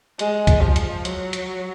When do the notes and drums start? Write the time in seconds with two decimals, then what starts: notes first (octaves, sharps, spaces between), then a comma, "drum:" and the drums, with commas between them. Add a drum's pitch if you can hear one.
0.19 G#3, drum: hi-hat
0.47 drum: kick C2, hi-hat
0.61 F3
0.76 drum: hi-hat
1.05 F#3, drum: hi-hat
1.33 drum: hi-hat